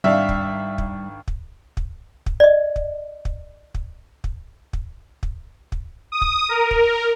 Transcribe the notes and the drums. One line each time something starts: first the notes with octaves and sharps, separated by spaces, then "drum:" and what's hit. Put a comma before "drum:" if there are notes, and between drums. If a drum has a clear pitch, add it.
G#1 G3 D4 E5 F5 G5 C#6 F6
drum: kick
drum: kick
drum: kick
drum: kick
drum: kick
D5 D#5
drum: kick
drum: kick
drum: kick
drum: kick
drum: kick
drum: kick
drum: kick
D#6
drum: kick
A#4
drum: kick